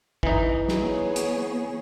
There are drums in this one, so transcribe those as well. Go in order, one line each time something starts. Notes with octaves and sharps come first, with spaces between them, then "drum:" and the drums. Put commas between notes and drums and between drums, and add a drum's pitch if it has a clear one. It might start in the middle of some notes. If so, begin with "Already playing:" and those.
E3 D#4, drum: kick
drum: snare
B3 G#4 C#5
drum: hi-hat